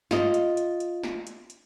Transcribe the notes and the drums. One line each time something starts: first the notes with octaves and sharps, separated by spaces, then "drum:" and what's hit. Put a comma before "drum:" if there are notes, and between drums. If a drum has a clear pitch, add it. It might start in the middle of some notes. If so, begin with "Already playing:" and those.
F4 D#5, drum: snare
drum: hi-hat
drum: hi-hat
drum: hi-hat
drum: snare
drum: hi-hat
drum: hi-hat